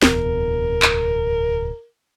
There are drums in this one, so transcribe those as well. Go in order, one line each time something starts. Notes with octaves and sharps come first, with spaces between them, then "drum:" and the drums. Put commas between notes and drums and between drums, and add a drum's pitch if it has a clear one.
D1 E2 B2 A#4, drum: snare
drum: clap